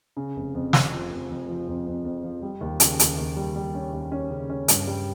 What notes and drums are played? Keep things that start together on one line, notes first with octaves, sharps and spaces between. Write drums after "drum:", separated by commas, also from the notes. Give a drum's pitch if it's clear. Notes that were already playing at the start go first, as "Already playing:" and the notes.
C#3
F1
F2
F1, drum: snare
F3
F1
F2
F3
F2
F2
F2
F3
G3
D#2
C#3, drum: hi-hat
D#2, drum: hi-hat
D#2
G3
G3
C#4
D#2
C#4
C#3
C#4
G2, drum: hi-hat
G3